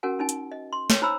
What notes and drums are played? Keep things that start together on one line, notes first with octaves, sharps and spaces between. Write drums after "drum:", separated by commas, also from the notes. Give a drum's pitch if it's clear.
C#4 F#4 A#4 F#5 G#5
C#4 D#4 G#5
drum: hi-hat
D#5
C6
B4 C#5 G5, drum: snare
D#4 C5 A#5 B5 E6